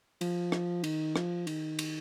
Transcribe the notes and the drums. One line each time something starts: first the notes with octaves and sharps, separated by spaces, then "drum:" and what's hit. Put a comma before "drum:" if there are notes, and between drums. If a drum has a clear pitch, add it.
F3, drum: cymbal
drum: rim click
D#3, drum: cymbal
F3, drum: rim click
D#3, drum: cymbal
drum: cymbal